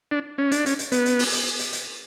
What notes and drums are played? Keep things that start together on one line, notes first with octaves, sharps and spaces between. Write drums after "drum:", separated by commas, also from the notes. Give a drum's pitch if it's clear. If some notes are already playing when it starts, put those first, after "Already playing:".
D4
C#4
D4, drum: hi-hat
C#4, drum: hi-hat
drum: hi-hat
B3, drum: hi-hat
drum: hi-hat
drum: open hi-hat
drum: hi-hat
drum: hi-hat
drum: hi-hat